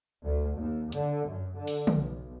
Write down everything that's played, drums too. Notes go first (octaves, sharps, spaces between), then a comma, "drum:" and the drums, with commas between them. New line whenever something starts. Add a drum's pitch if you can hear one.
D2
D#2
D3, drum: hi-hat
F#2
D3
drum: open hi-hat
drum: tom
B1